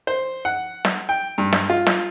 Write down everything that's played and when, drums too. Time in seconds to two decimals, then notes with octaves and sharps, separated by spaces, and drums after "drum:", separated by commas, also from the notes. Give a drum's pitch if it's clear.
0.07 C5
0.45 F#5
0.85 drum: snare
1.09 G5
1.38 G2
1.53 drum: snare
1.70 F4
1.87 drum: snare